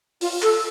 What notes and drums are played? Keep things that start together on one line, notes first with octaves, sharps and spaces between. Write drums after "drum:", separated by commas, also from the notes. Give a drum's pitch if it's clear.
F4, drum: open hi-hat
A4, drum: clap